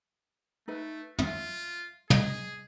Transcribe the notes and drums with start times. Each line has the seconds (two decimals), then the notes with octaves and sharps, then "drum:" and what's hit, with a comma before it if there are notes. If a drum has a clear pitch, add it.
0.68 A3 D#4 B4 E5
1.19 F4 E5, drum: tom
2.10 G#4 D#5, drum: tom